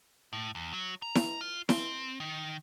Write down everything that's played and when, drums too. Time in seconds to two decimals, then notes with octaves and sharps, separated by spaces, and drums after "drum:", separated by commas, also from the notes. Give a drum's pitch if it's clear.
0.33 A2
0.55 E2
0.74 F#3
1.02 A#5
1.15 drum: snare E4
1.41 F4
1.69 C4, drum: snare E4
2.20 D#3